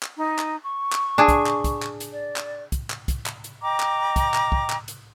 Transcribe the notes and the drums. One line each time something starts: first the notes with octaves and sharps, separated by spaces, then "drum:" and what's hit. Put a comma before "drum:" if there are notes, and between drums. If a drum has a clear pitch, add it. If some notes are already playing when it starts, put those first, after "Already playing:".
drum: clap
D#4
drum: clap
C#6
drum: clap
D4 G#4
drum: kick, hi-hat
drum: clap
drum: kick, hi-hat
drum: clap
drum: hi-hat
D5
drum: clap
drum: kick, hi-hat
drum: clap
drum: kick, hi-hat
drum: clap
drum: hi-hat
D#5 G5 A#5 D6
drum: clap
drum: kick, hi-hat
drum: clap
drum: kick
drum: clap
drum: hi-hat